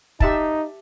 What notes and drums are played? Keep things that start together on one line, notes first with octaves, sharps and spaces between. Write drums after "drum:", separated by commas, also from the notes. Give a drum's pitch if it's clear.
D#4 G4 E5 A5, drum: kick